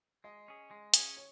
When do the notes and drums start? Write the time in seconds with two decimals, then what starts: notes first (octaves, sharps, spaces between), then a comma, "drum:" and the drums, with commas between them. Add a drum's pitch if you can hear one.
0.24 G#3 D#5
0.48 C#4 G#4
0.71 G#3
0.94 C#4 G#4, drum: hi-hat
1.17 C#5